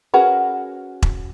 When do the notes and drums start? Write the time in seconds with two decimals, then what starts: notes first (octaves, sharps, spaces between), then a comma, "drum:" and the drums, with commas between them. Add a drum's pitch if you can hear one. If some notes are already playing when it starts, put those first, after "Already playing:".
0.14 C#4 F#4 G#4 A#4 B4
1.02 drum: kick E1